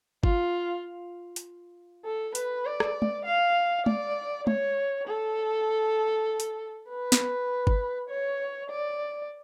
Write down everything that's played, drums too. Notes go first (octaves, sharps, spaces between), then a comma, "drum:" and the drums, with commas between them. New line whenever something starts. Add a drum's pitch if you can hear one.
F4, drum: kick G1
drum: hi-hat
A4
B4, drum: hi-hat
D5
drum: rim click
drum: tom G#3
F5
D5, drum: tom G#3
C#5, drum: tom G#3
A4
drum: hi-hat
B4
drum: snare
drum: kick G1
C#5
D5